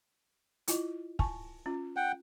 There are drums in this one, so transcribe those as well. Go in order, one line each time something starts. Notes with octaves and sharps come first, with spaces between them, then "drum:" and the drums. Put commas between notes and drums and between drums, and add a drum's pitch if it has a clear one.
E4 F4 D#5, drum: hi-hat
G#5 A5 C#6, drum: kick
C#4 F4
F#5 G5